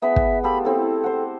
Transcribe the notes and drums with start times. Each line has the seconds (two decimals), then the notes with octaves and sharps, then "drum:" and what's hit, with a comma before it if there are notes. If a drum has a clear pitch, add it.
0.02 B3 G#4 E5 B5
0.16 drum: kick
0.44 F4 G4 A4 B5
0.65 C4 E4 A4
1.04 C5 F#5